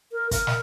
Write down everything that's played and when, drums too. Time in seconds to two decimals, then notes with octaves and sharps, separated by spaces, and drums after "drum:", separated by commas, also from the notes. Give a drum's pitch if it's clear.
0.12 A#4
0.31 A#4, drum: kick, hi-hat
0.47 drum: snare